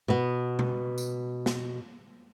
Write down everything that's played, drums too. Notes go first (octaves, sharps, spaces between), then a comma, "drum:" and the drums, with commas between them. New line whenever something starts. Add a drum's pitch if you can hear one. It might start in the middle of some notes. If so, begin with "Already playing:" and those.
B2 B3
drum: tom B2
drum: tambourine
drum: snare